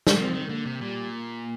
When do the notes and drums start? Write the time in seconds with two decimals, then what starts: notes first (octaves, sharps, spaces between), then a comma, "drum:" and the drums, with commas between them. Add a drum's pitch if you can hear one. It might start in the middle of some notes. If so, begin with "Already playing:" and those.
0.07 drum: snare
0.17 F3 C4
0.33 D#3
0.49 D3 A#3
0.66 C3
0.81 A#2 G3
1.12 A#3